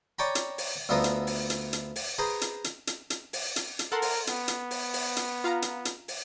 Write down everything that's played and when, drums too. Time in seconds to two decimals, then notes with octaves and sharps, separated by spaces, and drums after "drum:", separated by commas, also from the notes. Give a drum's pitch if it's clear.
0.19 C#5 D5 G5 G#5 A#5 B5
0.35 drum: hi-hat
0.58 drum: open hi-hat
0.89 D2 D3 B3 F4 D#5 A#5
1.04 drum: hi-hat
1.27 drum: open hi-hat
1.50 drum: hi-hat
1.73 drum: hi-hat
1.96 drum: open hi-hat
2.19 G#4 B4 C5 A#5
2.41 drum: hi-hat
2.64 drum: hi-hat
2.87 drum: hi-hat
3.10 drum: hi-hat
3.33 drum: open hi-hat
3.56 drum: hi-hat
3.79 drum: hi-hat
3.92 A4 A#4 F#5 C6
4.02 drum: open hi-hat
4.27 B3, drum: hi-hat
4.48 drum: hi-hat
4.71 drum: open hi-hat
4.94 drum: open hi-hat
5.16 drum: hi-hat
5.44 F4 F5 A#5
5.62 drum: hi-hat
5.85 drum: hi-hat
6.08 drum: open hi-hat